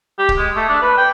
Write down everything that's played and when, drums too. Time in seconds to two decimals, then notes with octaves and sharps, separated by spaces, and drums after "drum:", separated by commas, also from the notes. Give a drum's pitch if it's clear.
0.19 G4
0.29 drum: kick C#1
0.38 G#3
0.56 A3
0.69 D4
0.82 B4
0.98 G5